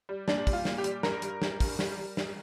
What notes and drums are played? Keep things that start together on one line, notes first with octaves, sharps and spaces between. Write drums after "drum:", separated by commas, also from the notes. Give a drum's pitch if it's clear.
G3
A#2 D4, drum: snare
G3, drum: kick, open hi-hat
F4
A#2, drum: snare
G4
G3, drum: hi-hat
G2 A#4, drum: snare
G3, drum: hi-hat
G3, drum: snare
G2, drum: kick, open hi-hat
G3, drum: snare
G3
G3, drum: snare